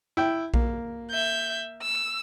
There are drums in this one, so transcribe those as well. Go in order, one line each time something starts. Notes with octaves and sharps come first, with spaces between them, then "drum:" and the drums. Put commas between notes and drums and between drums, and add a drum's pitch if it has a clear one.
E4 G5
A#3, drum: kick A#1
E5 G6
E6